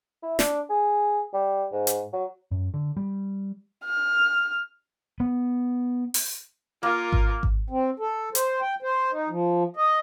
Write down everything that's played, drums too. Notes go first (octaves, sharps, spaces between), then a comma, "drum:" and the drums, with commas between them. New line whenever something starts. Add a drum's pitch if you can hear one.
E4
D4, drum: snare
G#4
G3
G#2
drum: hi-hat
F#3
F#2
D3
G3
F6
B3
drum: open hi-hat
A#3 F4 A#4
drum: kick G#1
drum: kick G#1
C4
A4
C5, drum: hi-hat
G5
C5
D#4
F3
D#5